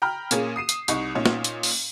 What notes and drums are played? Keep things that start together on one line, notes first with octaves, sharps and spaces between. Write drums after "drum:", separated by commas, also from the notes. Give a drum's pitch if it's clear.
G5 A#5 B5 F6
A#2 A#3 C#4 G#4, drum: hi-hat
D#6 C7 D#7 E7
drum: hi-hat
C2 D#4 C#6, drum: hi-hat
A#2 C#4 D#4
drum: snare
drum: hi-hat
drum: open hi-hat